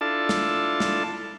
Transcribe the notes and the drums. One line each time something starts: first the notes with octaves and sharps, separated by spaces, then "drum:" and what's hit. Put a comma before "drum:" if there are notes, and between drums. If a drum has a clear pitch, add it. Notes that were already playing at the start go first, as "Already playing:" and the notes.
D4 E4 F4 A4 A5
drum: snare
drum: snare